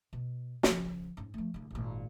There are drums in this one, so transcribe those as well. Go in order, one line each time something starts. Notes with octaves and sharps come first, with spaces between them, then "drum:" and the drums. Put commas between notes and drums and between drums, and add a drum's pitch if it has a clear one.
B2
C#3 F3, drum: snare
G#2 C#4
F3 A3
C2 D3
G#1 A#2